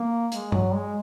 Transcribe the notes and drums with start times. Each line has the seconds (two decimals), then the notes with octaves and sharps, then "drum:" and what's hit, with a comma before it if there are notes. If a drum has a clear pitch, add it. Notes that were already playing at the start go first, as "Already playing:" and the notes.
Already playing: A#3
0.32 G#3, drum: hi-hat
0.52 F#3, drum: tom
0.75 G#3